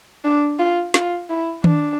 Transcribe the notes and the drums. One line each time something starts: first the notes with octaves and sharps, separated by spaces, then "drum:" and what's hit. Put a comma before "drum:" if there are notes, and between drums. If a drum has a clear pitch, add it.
D4
F4
F4, drum: snare
E4
D4, drum: tom D#3